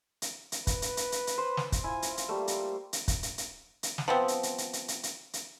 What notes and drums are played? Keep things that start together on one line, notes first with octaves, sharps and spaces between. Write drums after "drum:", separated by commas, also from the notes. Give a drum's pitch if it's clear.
drum: hi-hat
drum: hi-hat
B4, drum: kick, hi-hat
drum: hi-hat
drum: hi-hat
drum: hi-hat
drum: hi-hat
C5
drum: snare
drum: kick, hi-hat
E4 F4 G#5
drum: hi-hat
drum: hi-hat
G3 A3 A#3
drum: hi-hat
drum: hi-hat
drum: kick, hi-hat
drum: hi-hat
drum: hi-hat
drum: hi-hat
drum: snare
F3 B3 C4
drum: hi-hat
drum: hi-hat
drum: hi-hat
drum: hi-hat
drum: hi-hat
drum: hi-hat
drum: hi-hat